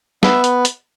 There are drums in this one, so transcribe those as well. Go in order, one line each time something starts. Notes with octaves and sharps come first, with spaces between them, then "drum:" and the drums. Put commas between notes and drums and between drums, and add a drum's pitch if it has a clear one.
B3 E5, drum: snare
drum: hi-hat
drum: hi-hat